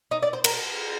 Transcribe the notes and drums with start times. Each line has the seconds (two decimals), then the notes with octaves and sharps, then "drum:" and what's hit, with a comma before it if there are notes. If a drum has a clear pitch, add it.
0.11 D#4
0.23 D5
0.33 C5
0.44 A#4, drum: cymbal